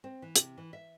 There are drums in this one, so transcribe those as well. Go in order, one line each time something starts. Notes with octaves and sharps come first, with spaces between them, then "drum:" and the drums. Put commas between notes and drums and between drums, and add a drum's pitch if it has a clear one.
C4
E3
C3, drum: hi-hat
E3
E5